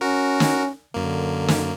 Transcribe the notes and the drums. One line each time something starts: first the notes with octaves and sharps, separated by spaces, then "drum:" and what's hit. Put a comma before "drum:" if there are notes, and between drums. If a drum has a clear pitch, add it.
C#4 F#4 A#4
drum: snare
F#2 D3 A#3
drum: snare